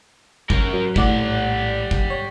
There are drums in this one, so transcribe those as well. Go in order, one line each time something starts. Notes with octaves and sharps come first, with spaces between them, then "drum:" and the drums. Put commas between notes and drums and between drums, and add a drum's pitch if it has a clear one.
C#4 A#4, drum: kick
F#3
A#1 A2 G3 D5 F#5, drum: kick
drum: kick
C#5